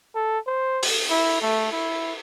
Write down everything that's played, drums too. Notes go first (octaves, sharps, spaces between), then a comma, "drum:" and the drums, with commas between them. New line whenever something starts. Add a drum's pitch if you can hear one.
A4
C5
drum: open hi-hat
E4
A3
E4